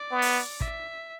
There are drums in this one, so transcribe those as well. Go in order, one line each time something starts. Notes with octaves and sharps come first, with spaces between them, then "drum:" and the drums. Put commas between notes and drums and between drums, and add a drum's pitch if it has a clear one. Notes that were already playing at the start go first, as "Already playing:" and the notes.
Already playing: D5
B3
drum: open hi-hat
E5, drum: kick